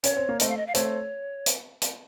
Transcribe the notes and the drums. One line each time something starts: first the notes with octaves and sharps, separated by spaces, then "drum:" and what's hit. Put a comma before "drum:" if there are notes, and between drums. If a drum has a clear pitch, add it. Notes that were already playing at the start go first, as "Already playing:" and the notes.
C#4 C#5, drum: hi-hat
C4
A#3
A3 C4 D#5, drum: hi-hat
F5
D#5
F5
A3 C4 C#5, drum: hi-hat
drum: hi-hat
drum: hi-hat